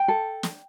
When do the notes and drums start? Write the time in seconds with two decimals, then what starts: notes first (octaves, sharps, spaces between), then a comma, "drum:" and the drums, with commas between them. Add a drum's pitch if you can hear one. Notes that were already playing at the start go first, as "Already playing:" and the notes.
Already playing: G5
0.08 A4
0.43 drum: snare